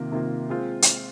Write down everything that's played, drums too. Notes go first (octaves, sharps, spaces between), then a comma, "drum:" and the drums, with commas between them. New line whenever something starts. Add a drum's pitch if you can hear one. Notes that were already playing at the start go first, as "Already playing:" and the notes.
Already playing: C3 D#3 A#3 F4
C3 D#3 A#3 F4
G#3 C4 F4
drum: hi-hat